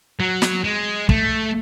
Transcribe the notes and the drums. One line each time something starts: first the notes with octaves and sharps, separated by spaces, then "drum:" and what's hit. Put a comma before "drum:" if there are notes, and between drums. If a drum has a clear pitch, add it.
F#3
drum: snare
G#3
A3, drum: kick